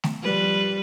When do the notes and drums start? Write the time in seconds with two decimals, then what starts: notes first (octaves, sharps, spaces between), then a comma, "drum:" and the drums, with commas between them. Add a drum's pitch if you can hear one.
0.04 drum: snare A3
0.22 F3 G3 B4